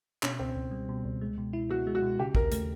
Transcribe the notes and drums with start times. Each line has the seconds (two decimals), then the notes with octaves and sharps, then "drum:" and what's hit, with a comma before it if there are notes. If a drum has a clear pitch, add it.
0.23 B2 C#4, drum: clap
0.39 C#2 C4
0.56 C#2
0.71 G3
0.89 B2
1.04 C#2
1.21 G#3
1.38 B2
1.53 E4
1.69 B3 F#4
1.87 G#3
1.95 F#4
2.02 B2
2.19 C#3 G4
2.35 D#2 A#4, drum: kick
2.52 A3, drum: hi-hat